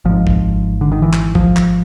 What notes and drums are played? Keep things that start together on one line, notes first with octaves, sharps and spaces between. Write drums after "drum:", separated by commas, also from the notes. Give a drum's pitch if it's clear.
G#1 G#2 F3
drum: kick
D3
D#3
E3
drum: clap
F3, drum: kick
drum: clap